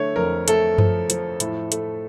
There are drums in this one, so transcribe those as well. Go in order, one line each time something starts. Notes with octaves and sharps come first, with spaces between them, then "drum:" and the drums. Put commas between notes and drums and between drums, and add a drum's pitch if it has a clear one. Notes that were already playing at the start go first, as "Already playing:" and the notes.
Already playing: D3 A3 C#5
F2 A#4
A3 A4, drum: hi-hat
F3, drum: tom F#2
F3, drum: hi-hat
A2, drum: hi-hat
A3, drum: hi-hat